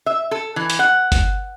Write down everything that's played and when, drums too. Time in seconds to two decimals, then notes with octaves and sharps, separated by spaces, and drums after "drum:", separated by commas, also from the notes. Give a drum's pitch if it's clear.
0.06 E5
0.31 A4
0.56 E3
0.70 drum: hi-hat
0.79 F#5
1.12 drum: kick G1, hi-hat